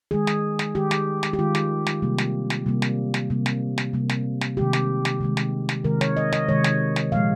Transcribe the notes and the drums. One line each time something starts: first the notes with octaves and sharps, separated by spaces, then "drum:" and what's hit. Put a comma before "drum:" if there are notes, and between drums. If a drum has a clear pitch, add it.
D#3 G#3 G#4
drum: snare
drum: snare
D#3 G#3 G4
drum: snare
drum: snare
G4
D#3 G#3 F4
drum: snare
drum: snare
C3 G3 A#3
drum: snare
drum: snare
C3 G3 A#3
drum: snare
drum: snare
C3 G3 A#3
drum: snare
drum: snare
C3 G3 A#3
drum: snare
drum: snare
C3 D#3 G#3 G4
drum: snare
drum: snare
C3 D#3 G#3
drum: snare
drum: snare
C3 D#3 G#3 A#4
C#5, drum: snare
D#5
D#5, drum: snare
C3 D#3 G#3 C#5
drum: snare
drum: snare
A#2 F3 G#3 F5